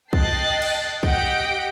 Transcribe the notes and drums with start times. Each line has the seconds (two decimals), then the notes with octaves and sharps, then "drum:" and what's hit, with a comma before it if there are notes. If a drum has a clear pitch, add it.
0.13 D#5 G5 A5 F#6 A6 C7, drum: kick
0.62 drum: cymbal
1.03 G4 D#5 F#5 G6 B6 D7, drum: kick